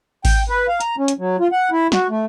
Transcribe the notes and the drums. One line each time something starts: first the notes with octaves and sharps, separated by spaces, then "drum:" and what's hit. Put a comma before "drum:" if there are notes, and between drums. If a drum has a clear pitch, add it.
G5, drum: kick G#1, open hi-hat
B4
F5
A#5, drum: hi-hat
C#4
drum: hi-hat
F#3
F4
F#5
E4
F#4, drum: snare
A3